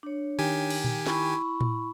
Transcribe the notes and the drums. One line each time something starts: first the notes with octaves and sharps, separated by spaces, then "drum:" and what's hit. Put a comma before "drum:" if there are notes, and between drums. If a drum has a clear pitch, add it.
D4 C#5
D#3 G4 G#5
drum: cymbal
drum: tom A#2
E4 B5 C#6, drum: snare
drum: tom A2